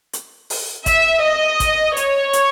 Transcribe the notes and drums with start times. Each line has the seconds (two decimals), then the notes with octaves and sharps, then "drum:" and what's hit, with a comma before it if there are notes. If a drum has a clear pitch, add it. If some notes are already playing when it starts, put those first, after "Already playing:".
0.13 drum: hi-hat
0.50 drum: open hi-hat
0.86 E5, drum: kick, hi-hat
1.23 D#5
1.60 drum: kick, hi-hat
1.97 C#5, drum: hi-hat
2.33 drum: hi-hat